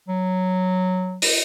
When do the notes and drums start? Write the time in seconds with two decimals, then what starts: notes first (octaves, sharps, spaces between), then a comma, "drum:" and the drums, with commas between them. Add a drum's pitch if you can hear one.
0.08 F#3
1.22 drum: open hi-hat